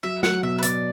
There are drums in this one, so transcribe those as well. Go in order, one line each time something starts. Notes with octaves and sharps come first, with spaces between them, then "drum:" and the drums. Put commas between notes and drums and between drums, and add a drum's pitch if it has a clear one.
F#3 E5
F#3 F#5, drum: snare
B2 E5
B4
B2 D5, drum: hi-hat